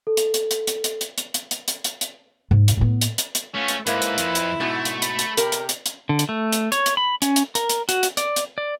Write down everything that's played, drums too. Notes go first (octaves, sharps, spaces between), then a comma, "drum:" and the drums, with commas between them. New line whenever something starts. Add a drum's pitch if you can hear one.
A4
drum: hi-hat
drum: hi-hat
drum: hi-hat
drum: hi-hat
drum: hi-hat
drum: hi-hat
drum: hi-hat
drum: hi-hat
drum: hi-hat
drum: hi-hat
drum: hi-hat
drum: hi-hat
G#2
drum: hi-hat
A2 B3
drum: hi-hat
drum: hi-hat
drum: hi-hat
A2 A3 B3 C#4 F4
drum: hi-hat
G#2 A#3 E4 B4, drum: hi-hat
drum: hi-hat
F2, drum: hi-hat
drum: hi-hat
G#2 B2 A3 F#4
drum: hi-hat
B5, drum: hi-hat
drum: hi-hat
C3 G4 A#4, drum: hi-hat
drum: hi-hat
drum: hi-hat
drum: hi-hat
D3
drum: hi-hat
A3
drum: hi-hat
C#5, drum: hi-hat
drum: hi-hat
B5
C#4, drum: hi-hat
drum: hi-hat
A#4, drum: hi-hat
drum: hi-hat
F#4, drum: hi-hat
drum: hi-hat
D5, drum: hi-hat
drum: hi-hat
D5